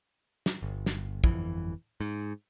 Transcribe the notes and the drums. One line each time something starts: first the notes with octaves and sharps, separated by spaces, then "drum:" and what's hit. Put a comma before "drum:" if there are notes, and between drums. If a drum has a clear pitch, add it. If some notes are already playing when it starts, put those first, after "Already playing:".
drum: snare
G1
drum: snare
G1 F2 E3, drum: kick
G#2